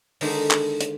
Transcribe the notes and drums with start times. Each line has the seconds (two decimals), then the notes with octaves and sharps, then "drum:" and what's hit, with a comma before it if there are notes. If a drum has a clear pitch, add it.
0.21 D3 D#3 G#3 B3 D4 D#4, drum: open hi-hat
0.51 drum: clap
0.81 drum: hi-hat